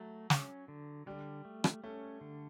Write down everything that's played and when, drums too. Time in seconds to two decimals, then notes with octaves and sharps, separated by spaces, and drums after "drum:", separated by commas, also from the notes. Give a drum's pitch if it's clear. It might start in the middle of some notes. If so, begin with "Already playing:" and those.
Already playing: F#3 A3
0.30 C#4, drum: snare
0.68 D3
1.06 D3 G3
1.45 A3
1.64 drum: rim click
1.84 A3 C#4
2.21 D3